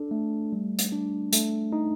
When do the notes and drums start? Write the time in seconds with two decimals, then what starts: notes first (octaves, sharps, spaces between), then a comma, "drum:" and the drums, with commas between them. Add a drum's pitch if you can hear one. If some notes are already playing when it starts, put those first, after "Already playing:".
Already playing: D4 A4
0.11 A3
0.53 G3
0.79 drum: hi-hat
0.92 D4
1.33 A3, drum: hi-hat
1.72 D#4